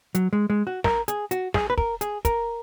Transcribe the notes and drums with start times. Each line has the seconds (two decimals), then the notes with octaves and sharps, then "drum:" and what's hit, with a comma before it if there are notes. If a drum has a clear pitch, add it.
0.15 F#3, drum: hi-hat
0.33 G#3
0.50 G#3
0.67 F#4
0.84 A#4, drum: snare
1.08 G#4, drum: hi-hat
1.31 F#4, drum: hi-hat
1.54 G#4, drum: snare
1.70 B4
1.78 A#4, drum: kick
2.01 G#4, drum: hi-hat
2.25 A#4, drum: kick, hi-hat